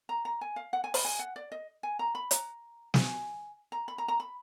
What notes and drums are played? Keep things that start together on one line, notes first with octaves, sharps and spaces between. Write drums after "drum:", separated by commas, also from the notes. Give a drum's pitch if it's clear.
A#5
A#5
G#5
F5
F#5
G#5
B5, drum: open hi-hat
G#5
F#5
D5
D#5
G#5
A#5
B5
A#5, drum: hi-hat
G#5, drum: snare
A#5
B5
A#5
A#5
B5